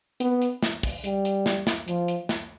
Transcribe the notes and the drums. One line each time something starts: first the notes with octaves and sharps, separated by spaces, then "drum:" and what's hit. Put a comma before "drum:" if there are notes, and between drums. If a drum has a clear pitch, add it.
B3, drum: hi-hat
drum: hi-hat
drum: snare
drum: kick, open hi-hat
G3, drum: hi-hat
drum: hi-hat
drum: snare
drum: snare
F3, drum: hi-hat
drum: hi-hat
drum: snare